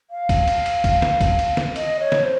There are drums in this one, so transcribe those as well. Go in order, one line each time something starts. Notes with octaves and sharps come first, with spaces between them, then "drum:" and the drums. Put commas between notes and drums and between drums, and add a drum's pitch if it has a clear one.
F5
drum: kick, cymbal
drum: cymbal
drum: cymbal
drum: kick, cymbal
drum: snare
drum: kick, cymbal
drum: cymbal
drum: snare
D#5, drum: cymbal
C#5
drum: snare
C5